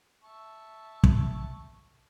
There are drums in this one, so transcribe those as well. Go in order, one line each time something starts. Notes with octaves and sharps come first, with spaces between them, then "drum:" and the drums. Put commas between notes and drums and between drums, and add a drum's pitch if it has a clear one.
E5 A5 C#6
drum: kick